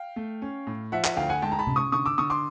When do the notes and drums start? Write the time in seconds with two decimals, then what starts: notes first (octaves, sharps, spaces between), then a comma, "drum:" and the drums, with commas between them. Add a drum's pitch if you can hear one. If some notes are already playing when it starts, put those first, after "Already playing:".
Already playing: F5 G5
0.16 A3
0.42 C#4
0.67 A2
0.92 F3 E5 F#5
1.05 E5 F#5, drum: clap
1.17 D2 F5 G5
1.29 F#5 G#5
1.42 G#3 G5 A5
1.52 A#5
1.59 A5 B5
1.67 C#3, drum: tom C3
1.76 C#6 D#6
1.92 D3 C#6 D#6
2.06 D6 E6
2.18 D3 C#6 D#6
2.30 C6 D6